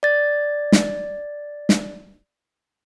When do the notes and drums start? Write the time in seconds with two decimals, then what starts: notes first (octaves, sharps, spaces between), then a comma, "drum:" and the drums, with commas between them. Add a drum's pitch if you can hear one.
0.03 D5 A6
0.72 drum: snare
1.69 drum: snare